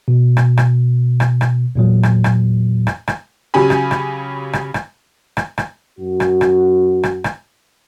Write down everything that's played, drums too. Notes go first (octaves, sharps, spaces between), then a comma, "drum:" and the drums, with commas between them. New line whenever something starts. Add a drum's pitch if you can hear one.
B2
drum: rim click
drum: rim click
drum: rim click
drum: rim click
E2 A#2 F#3
drum: rim click
drum: rim click
drum: rim click
drum: rim click
C#3 F#3 C#4 G4 G#5 B5
drum: rim click
drum: rim click
drum: rim click
drum: rim click
drum: rim click
drum: rim click
F#2 F#4
drum: rim click
drum: rim click
drum: rim click
drum: rim click